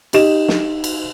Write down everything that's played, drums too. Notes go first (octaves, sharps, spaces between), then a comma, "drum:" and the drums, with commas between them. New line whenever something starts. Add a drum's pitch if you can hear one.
D#4 G4 D#5 E7, drum: cymbal
drum: snare
drum: cymbal